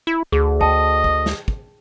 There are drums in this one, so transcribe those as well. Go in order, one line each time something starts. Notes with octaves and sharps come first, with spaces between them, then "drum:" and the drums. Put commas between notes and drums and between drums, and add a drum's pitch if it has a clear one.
E4
D2 G#4
D#5 G5 A5, drum: kick
drum: kick
drum: snare
drum: kick